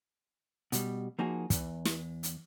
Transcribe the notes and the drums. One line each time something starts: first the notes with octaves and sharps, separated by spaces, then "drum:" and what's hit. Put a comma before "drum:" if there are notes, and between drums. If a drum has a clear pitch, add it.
B2 G3, drum: hi-hat
F3 A#3 D#4 F#4 G#4
E2 E3, drum: kick, hi-hat
drum: snare
drum: hi-hat